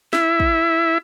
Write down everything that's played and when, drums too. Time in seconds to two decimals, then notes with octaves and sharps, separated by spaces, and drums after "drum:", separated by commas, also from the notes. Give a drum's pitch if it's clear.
0.13 E4 E5, drum: snare
0.40 drum: kick